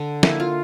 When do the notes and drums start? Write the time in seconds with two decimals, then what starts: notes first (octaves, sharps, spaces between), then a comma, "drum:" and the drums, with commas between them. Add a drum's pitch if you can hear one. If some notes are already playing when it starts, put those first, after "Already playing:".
Already playing: D3
0.23 A#3 E4, drum: snare
0.40 F4